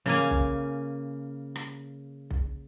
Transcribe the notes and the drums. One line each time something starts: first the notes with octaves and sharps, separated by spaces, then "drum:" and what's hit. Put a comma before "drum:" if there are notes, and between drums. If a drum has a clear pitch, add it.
C#3 A#3 G#5, drum: tom E3
drum: kick B1
drum: rim click
drum: kick B1